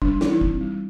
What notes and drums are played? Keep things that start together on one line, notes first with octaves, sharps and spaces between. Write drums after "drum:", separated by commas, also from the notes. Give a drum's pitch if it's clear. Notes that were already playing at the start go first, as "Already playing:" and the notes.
G3 D4, drum: kick
E3 E4, drum: snare
D#4
C4, drum: kick
G3